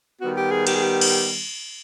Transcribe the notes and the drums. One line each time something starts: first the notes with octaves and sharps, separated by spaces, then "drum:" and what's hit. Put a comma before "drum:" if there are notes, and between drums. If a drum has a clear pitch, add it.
D#3 G3 B3 F#4
G4
G#4
G4, drum: cymbal
G#4
G4
drum: cymbal